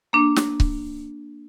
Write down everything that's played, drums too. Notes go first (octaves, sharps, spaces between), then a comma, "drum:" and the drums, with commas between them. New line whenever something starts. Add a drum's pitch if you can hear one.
A#3 D4
drum: snare
drum: kick C#1